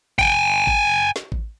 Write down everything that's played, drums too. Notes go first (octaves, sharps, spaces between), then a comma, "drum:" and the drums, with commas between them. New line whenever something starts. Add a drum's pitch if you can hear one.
G5 G#5, drum: kick A1
drum: kick A1
drum: snare
drum: kick A1